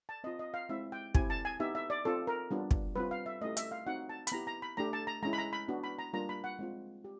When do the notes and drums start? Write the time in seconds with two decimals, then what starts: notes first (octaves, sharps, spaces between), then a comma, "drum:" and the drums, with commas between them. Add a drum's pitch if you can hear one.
0.09 A5
0.24 C4 F4 D#5
0.39 D#5
0.54 F5
0.69 G#3 C4 E4 E5
0.92 G5
1.15 C4 E4 G4 G#5, drum: kick
1.30 A5
1.45 G#5
1.60 B3 D#4 G4 E5
1.75 E5
1.90 D5
2.05 C4 F4 A4
2.27 A#4
2.51 G3 B3 D4 F4
2.71 drum: kick
2.96 G3 C4 F4 B4
3.11 F5
3.26 E5
3.41 A3 C#4 E4 G4 D#5
3.57 E5, drum: hi-hat
3.71 F5
3.87 C4 D#4 F#4 F#5
4.09 A5
4.27 B5, drum: hi-hat
4.32 B3 E4 G4 A#5
4.47 A#5
4.62 B5
4.77 A3 D4 G4 A#5
4.93 A5
5.07 A#5
5.23 G#3 C#4 E4 A#5
5.33 B5
5.38 A#5
5.53 B5
5.68 B3 D4 F#4
5.84 B5
5.99 A#5
6.13 G3 A#3 D4 F4 A#5
6.29 B5
6.44 F#5
6.59 G#3 C4 F4
7.05 G4